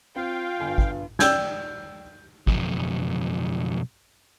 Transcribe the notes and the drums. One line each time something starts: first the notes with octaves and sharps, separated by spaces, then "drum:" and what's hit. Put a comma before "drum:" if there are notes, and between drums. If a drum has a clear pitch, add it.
C4 F4 F5 G5
G1 G2 G#5
drum: kick
D5 G5 E6 G6 G#6, drum: snare
B1 F2, drum: kick